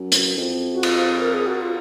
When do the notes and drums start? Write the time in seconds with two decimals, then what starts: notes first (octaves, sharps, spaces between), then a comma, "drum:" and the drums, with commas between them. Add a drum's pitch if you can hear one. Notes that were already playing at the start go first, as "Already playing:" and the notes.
Already playing: F#2
0.12 drum: hi-hat
0.37 F2
0.73 F#4
0.83 F4, drum: cymbal
1.20 A#4
1.34 G#4
1.46 F#4
1.61 F4